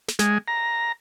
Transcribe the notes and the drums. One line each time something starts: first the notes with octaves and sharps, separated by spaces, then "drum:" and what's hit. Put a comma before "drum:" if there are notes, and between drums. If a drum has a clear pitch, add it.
drum: snare
G#3, drum: snare
A#5